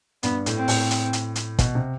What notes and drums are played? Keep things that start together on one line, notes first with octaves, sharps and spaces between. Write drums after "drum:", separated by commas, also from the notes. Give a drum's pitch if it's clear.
G2 B3, drum: hi-hat
A2, drum: hi-hat
C4
A2, drum: open hi-hat
drum: hi-hat
drum: hi-hat
drum: hi-hat
B2, drum: kick, hi-hat
C3